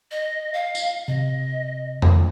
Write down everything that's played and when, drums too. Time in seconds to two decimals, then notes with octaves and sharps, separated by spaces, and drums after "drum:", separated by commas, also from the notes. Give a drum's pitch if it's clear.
0.11 D#5
0.54 F5
0.75 drum: tambourine
1.08 C3 D#5
2.02 drum: tom F2